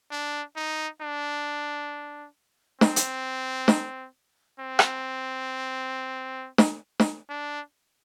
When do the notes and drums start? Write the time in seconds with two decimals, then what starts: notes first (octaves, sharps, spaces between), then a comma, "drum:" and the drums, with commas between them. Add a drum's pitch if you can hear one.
0.11 D4
0.57 D#4
1.02 D4
2.81 C4, drum: snare
2.96 drum: hi-hat
3.68 drum: snare
4.60 C4
4.79 drum: rim click
6.58 drum: snare
7.00 drum: snare
7.29 D4